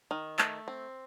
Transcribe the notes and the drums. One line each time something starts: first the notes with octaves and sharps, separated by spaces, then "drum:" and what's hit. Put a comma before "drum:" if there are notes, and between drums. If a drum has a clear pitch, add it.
D#3
A3, drum: clap
C4